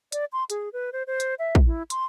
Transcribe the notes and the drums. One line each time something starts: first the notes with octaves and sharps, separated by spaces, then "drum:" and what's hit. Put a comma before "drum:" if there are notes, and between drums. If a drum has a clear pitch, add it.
D5, drum: hi-hat
C6
G#4, drum: hi-hat
B4
C5
C5
drum: hi-hat
E5
drum: kick
E4
C6, drum: hi-hat